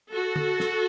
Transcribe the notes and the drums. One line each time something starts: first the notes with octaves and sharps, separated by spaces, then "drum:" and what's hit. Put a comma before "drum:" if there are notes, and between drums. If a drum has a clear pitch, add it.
F#4 A4
drum: tom
drum: snare